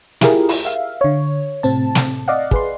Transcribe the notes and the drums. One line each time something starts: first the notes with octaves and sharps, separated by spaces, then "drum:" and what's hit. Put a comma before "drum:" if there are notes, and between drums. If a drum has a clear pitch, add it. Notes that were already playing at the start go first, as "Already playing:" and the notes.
E4 F4 G4 G#4 A#4, drum: snare
drum: open hi-hat
E5 F5
D3 C#5
A2 C3 C4 A5
drum: snare
D5 D#5 F5 F#5
G#4 B4 C6, drum: kick